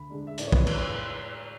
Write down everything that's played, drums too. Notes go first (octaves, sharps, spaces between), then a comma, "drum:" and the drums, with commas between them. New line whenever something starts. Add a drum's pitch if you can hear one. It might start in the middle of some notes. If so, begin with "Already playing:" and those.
Already playing: D2 B5
D3 G#3 D4
E5
A2 D5, drum: hi-hat
C#5
B4, drum: kick
G#3 D4 B4, drum: cymbal
C#5